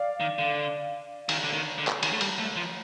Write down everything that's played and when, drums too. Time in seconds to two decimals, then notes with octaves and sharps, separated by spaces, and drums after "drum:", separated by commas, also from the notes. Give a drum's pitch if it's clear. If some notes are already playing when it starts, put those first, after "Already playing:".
Already playing: D5 F5
0.20 D#3
0.39 D3
1.29 D#3, drum: cymbal
1.44 D3
1.53 D#3
1.78 D3
1.87 drum: clap
2.03 D#3, drum: cymbal
2.13 A3
2.21 G3, drum: cymbal
2.39 A3
2.56 F3